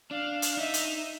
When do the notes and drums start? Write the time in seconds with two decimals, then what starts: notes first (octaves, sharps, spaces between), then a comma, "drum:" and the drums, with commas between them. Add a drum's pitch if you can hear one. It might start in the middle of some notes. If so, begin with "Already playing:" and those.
0.11 D4 F5
0.42 drum: hi-hat
0.57 D#4 E5
0.74 drum: hi-hat